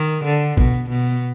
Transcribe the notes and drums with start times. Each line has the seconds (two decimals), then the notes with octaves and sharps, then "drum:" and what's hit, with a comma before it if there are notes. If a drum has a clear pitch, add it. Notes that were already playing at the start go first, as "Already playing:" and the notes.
Already playing: D#3
0.24 D3
0.57 B2, drum: kick
0.89 B2